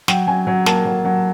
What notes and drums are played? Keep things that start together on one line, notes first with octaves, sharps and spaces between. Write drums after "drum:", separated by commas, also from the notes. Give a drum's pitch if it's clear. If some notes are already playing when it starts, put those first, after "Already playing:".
F#3 G5, drum: snare
F#3 G#5
F#3
A#3 A5, drum: snare
F#3
F#3